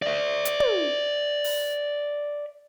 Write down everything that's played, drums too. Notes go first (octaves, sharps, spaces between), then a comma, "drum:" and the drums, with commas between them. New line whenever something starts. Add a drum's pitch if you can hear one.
D5 E5
drum: hi-hat
drum: tom
drum: open hi-hat